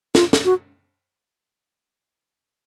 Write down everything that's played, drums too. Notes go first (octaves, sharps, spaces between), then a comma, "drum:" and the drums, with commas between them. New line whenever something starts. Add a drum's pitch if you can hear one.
F4, drum: snare
drum: snare
F#4